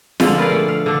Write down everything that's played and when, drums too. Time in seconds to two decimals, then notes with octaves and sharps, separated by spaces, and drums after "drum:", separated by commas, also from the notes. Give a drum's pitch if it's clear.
0.20 D3 F3 G#3, drum: snare
0.38 A#4 B4 D5 F5
0.51 A3
0.68 F5
0.86 D3 D4